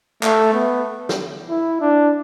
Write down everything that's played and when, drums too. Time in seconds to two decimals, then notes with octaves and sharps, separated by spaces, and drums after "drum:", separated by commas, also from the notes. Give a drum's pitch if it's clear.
0.23 A3, drum: clap
0.54 B3
1.09 drum: snare
1.49 E4
1.81 D4